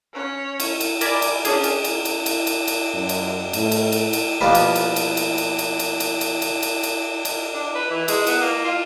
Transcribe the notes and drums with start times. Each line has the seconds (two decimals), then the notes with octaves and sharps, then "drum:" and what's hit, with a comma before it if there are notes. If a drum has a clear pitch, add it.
0.14 C#4 C#5
0.60 drum: cymbal
0.80 drum: cymbal
1.01 A#4 D5 G#5 B5 D6, drum: cymbal
1.22 drum: cymbal
1.45 C#4 D4 G#4, drum: cymbal
1.64 drum: cymbal
1.84 drum: cymbal
2.05 drum: cymbal
2.26 drum: cymbal
2.47 drum: cymbal
2.68 drum: cymbal
2.94 F#2
3.09 drum: cymbal
3.53 A2, drum: cymbal
3.71 drum: cymbal
3.92 drum: cymbal
4.13 drum: cymbal
4.41 B2 F3 G3 A#3 B3
4.55 drum: cymbal
4.75 drum: cymbal
4.96 drum: cymbal
5.17 drum: cymbal
5.38 drum: cymbal
5.59 drum: cymbal
5.79 drum: cymbal
6.00 drum: cymbal
6.21 drum: cymbal
6.42 drum: cymbal
6.63 drum: cymbal
6.83 drum: cymbal
7.25 drum: cymbal
7.53 D4
7.75 B4
7.90 E3
8.08 G#3, drum: cymbal
8.27 B3, drum: cymbal
8.41 A#3
8.64 F4